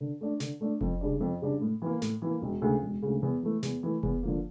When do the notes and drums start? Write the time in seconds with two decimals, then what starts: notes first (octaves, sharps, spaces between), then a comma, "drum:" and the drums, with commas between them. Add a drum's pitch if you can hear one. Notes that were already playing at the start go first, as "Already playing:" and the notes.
0.01 D3
0.21 A3 D4
0.40 D3, drum: snare
0.61 A3 D4
0.81 F2, drum: kick F1
1.01 C#3 G3 D4
1.20 F2
1.42 C#3 G3 D4
1.61 A2
1.82 E3 A#3
2.02 A2, drum: snare
2.22 E3 A#3
2.42 E1
2.62 D2 C#3
2.83 E1
3.02 D2 C#3
3.23 E2
3.43 E3 A3
3.63 E2, drum: snare
3.83 E3 A3
4.03 E2, drum: kick F1
4.23 D3 F3 A#3